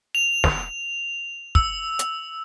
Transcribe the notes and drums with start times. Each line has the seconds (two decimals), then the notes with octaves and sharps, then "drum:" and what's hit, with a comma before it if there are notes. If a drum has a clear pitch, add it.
0.15 F7
0.44 drum: snare
1.55 E6, drum: kick
1.99 drum: hi-hat